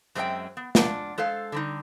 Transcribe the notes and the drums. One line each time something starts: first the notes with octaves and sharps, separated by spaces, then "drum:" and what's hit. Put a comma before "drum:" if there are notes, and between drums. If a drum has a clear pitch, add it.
F#2 G#3 C4 C#4 E5 G5
B3
G#3 C4 D4 F4 F#5, drum: snare
G#3 A4 C5 F5
D3 G3 D#4